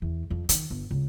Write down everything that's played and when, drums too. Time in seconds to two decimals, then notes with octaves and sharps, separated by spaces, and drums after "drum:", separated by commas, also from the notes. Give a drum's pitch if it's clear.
0.02 E2
0.30 F2
0.49 D#3, drum: hi-hat
0.70 G1
0.91 C#2